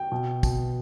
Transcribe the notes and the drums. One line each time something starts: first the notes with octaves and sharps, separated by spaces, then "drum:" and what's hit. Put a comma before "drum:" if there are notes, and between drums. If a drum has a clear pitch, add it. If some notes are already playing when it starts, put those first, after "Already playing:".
Already playing: G5
B2
B2, drum: kick, tambourine